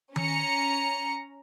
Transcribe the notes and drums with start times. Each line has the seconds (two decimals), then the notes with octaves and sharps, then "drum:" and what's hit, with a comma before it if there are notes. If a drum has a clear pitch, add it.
0.16 C#4 A#5 C#7, drum: tom D#3